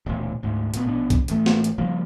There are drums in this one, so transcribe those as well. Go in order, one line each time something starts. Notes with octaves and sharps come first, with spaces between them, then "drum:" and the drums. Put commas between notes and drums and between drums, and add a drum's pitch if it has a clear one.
E1 D2 A#2
D2 G#2
A#2 B3, drum: hi-hat
A#1 B2 B3 D4
drum: kick C2, hi-hat
A1 A3, drum: hi-hat
drum: snare
drum: hi-hat
C#3 F3 G3 A#3